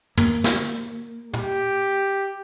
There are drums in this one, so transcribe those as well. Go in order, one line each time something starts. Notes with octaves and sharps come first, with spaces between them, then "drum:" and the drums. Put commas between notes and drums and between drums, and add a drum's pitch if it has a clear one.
A#3, drum: tom
drum: snare
G4, drum: tom